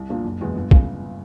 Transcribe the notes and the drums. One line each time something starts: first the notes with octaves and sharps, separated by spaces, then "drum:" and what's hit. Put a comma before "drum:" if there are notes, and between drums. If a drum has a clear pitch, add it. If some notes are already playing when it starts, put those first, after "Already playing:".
Already playing: C2
A#2 F3 A#3 D4
F#1
E2 B2 G#3 B3
G1
C#3, drum: kick